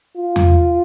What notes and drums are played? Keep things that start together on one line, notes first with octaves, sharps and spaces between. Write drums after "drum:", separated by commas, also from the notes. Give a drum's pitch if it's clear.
F4
drum: tom E2